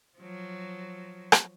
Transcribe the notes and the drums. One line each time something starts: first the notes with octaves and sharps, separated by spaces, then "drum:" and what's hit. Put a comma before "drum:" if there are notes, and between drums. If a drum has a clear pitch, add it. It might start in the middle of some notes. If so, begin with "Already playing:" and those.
F3 F#3
drum: rim click